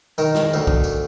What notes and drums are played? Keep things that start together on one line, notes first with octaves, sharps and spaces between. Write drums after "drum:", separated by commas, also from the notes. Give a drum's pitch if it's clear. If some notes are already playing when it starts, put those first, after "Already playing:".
D#3, drum: tambourine
drum: snare
D2, drum: tambourine
drum: kick B1
drum: tambourine